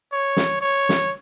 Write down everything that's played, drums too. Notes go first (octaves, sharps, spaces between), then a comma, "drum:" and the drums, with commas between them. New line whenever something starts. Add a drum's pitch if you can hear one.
C#5
drum: snare
C#5
drum: snare